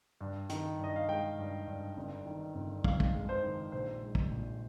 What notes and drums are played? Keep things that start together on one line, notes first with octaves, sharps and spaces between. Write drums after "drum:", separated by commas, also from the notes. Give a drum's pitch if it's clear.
G2
D#3, drum: hi-hat
G2 D#5
F5
G#3 G5
G2
G2
G1
D#3
G1
F2 F5, drum: kick
drum: kick
G#3
C5
D#3
A#1 C5
G#3
drum: kick
A#1